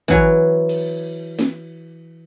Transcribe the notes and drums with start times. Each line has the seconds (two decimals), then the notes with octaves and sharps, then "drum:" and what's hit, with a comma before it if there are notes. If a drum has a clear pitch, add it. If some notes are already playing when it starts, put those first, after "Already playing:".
0.08 E3 F#3, drum: kick
0.69 drum: cymbal
1.39 drum: snare